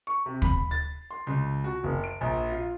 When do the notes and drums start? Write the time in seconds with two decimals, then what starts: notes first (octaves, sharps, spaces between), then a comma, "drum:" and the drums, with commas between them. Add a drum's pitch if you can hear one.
0.07 C#6
0.26 C3
0.42 B5, drum: kick
0.71 A6
1.11 C6
1.27 C#2
1.64 F#4
1.84 F#1
2.04 D7
2.21 A#1
2.51 F4